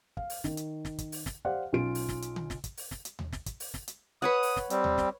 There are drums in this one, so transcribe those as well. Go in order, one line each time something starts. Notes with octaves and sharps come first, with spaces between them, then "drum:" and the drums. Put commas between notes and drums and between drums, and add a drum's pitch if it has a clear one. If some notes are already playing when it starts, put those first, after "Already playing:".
F5, drum: kick
drum: open hi-hat
D#3, drum: snare
drum: hi-hat
drum: snare
drum: kick, hi-hat
drum: open hi-hat
drum: snare
G4 C5 D5 F5 F#5
B1 C#4 F4 D7
drum: open hi-hat
drum: snare
drum: hi-hat
drum: tom D3
drum: snare
drum: kick, hi-hat
drum: open hi-hat
drum: snare
drum: hi-hat
drum: tom D#2
drum: snare
drum: kick, hi-hat
drum: open hi-hat
drum: snare
drum: hi-hat
B4 C#5 F#5 D#6
drum: open hi-hat
drum: snare
G3 C4, drum: hi-hat
drum: tom D#2
drum: snare